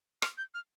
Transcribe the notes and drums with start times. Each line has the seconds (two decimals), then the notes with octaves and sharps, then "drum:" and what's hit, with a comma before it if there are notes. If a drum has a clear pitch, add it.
0.22 F6, drum: rim click
0.38 G6
0.54 F6